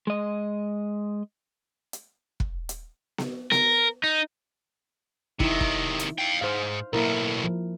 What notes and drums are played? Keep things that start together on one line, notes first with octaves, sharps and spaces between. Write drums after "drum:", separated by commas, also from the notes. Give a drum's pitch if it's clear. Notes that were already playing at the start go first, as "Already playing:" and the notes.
G#3 D#5
drum: hi-hat
drum: kick
drum: hi-hat
drum: snare B3
A#4, drum: snare B3
D#4
C3 D#3 D#4 E4, drum: kick
drum: kick
drum: hi-hat
F5 G5
G#2 C5 F5
B1 A2 A#3 E4 A#4
F3